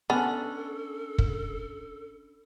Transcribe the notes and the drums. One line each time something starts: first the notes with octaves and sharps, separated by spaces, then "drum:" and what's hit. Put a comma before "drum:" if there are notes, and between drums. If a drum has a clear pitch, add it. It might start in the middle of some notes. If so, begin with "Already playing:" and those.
B3 C#4 D4 A4 B5
drum: kick